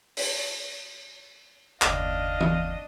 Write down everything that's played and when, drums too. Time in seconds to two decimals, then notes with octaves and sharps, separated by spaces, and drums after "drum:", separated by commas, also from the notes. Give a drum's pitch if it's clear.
0.17 drum: open hi-hat
1.82 F#1 D#2 D4 D#5 F5, drum: clap
2.40 drum: tom E3